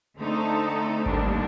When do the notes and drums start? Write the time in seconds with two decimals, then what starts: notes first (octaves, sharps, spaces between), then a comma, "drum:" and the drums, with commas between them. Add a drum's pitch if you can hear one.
0.19 D3 A3 C4 D#4 A4
1.06 D#2 D3 G3 D4, drum: kick G#1